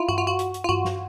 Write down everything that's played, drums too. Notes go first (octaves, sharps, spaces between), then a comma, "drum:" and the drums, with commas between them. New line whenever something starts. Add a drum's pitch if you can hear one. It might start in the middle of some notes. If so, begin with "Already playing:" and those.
Already playing: E4 F4
F#4, drum: tom G2
F4
F#4
drum: hi-hat
drum: hi-hat
F4
F#4, drum: tom G2
drum: snare